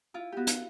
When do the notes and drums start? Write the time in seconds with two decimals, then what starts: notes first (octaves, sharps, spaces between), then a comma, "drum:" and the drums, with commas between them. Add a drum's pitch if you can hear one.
0.14 E4 F4
0.32 B3 F#4 G4
0.47 drum: hi-hat